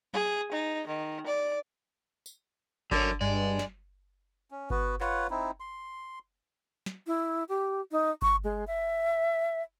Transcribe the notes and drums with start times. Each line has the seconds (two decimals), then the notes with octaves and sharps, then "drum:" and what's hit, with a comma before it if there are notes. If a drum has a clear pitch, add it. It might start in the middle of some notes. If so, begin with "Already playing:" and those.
0.14 G#4, drum: tom F#3
0.52 D#4
0.87 D#3
1.26 D5
2.26 drum: tambourine
2.91 D3 F#3 A#4 C#5, drum: kick G1
3.21 G2 G#3 D5
3.59 drum: snare
4.51 C#4
4.70 B3 F#4 B4, drum: kick G1
5.01 F4 B4 C#5 F#5, drum: clap
5.30 C4 D#4 E4
5.60 C6
6.86 drum: snare
7.07 E4
7.49 G4
7.91 D#4
8.22 C#6, drum: kick G1
8.44 G#3
8.67 E5